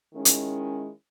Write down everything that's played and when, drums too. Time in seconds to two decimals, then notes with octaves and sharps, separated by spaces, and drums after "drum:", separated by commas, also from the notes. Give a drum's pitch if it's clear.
0.13 D#3 G#3 C#4 E4
0.25 drum: hi-hat